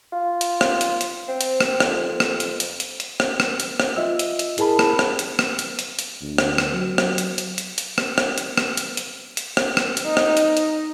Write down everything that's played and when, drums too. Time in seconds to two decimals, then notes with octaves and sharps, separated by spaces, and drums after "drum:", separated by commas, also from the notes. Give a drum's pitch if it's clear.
0.12 F4
0.41 drum: hi-hat
0.61 drum: rim click
0.81 drum: hi-hat
1.01 drum: hi-hat
1.28 C4
1.41 drum: hi-hat
1.61 drum: rim click
1.80 F2, drum: rim click
2.20 drum: rim click
2.40 drum: hi-hat
2.60 drum: hi-hat
2.80 drum: hi-hat
3.00 drum: hi-hat
3.20 drum: rim click
3.40 drum: rim click
3.60 drum: hi-hat
3.80 drum: rim click
3.96 F4 D#5 E5 E6
4.19 drum: hi-hat
4.39 drum: hi-hat
4.58 E4 G#4 A#4 A5 B5, drum: hi-hat
4.79 drum: rim click
4.99 drum: rim click
5.19 drum: hi-hat
5.39 drum: rim click
5.59 drum: hi-hat
5.79 drum: hi-hat
5.99 drum: hi-hat
6.22 D2
6.38 drum: rim click
6.58 drum: rim click
6.74 F#3
6.98 drum: rim click
7.18 drum: hi-hat
7.38 drum: hi-hat
7.58 drum: hi-hat
7.78 drum: hi-hat
7.98 drum: rim click
8.18 drum: rim click
8.38 drum: hi-hat
8.58 drum: rim click
8.77 drum: hi-hat
8.97 drum: hi-hat
9.37 drum: hi-hat
9.57 drum: rim click
9.77 drum: rim click
9.97 drum: hi-hat
10.06 D#4
10.17 drum: rim click
10.37 drum: hi-hat
10.57 drum: hi-hat